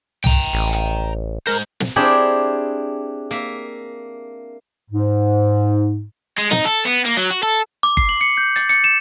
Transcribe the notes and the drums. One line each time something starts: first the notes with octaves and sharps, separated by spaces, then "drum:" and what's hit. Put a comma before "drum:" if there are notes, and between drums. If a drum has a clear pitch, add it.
G5 A#5, drum: tom C2
A1
drum: hi-hat
G#3 A#4 C5
drum: snare
C4 D4 E4 G4 G#4
A#3 E5, drum: hi-hat
G#2
G#3
D#4, drum: snare
A4
B3
A#3, drum: hi-hat
F#3
F#4
A4
D6
C7, drum: kick G1
F#7
C#7
G6
A6, drum: hi-hat
C#7, drum: hi-hat
E7